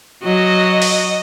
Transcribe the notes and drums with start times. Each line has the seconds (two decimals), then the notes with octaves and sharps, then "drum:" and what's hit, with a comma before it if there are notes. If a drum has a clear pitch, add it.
0.24 F#3 F#4 D#5
0.82 drum: open hi-hat